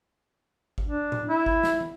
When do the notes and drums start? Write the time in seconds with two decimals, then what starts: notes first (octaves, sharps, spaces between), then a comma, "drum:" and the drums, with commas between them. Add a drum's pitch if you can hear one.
0.78 drum: kick G#1
0.87 D4
1.12 drum: tom A2
1.29 E4
1.46 drum: kick G#1
1.63 drum: snare
1.81 drum: tom